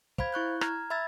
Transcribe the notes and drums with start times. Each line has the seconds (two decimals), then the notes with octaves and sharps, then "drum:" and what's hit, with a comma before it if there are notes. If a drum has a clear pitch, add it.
0.18 C5 F5 B5 G#6, drum: kick
0.33 E4 C#6 F#6 G6
0.61 A#5 F6 G#6, drum: rim click
0.90 E5 B5 E6 G#6 A6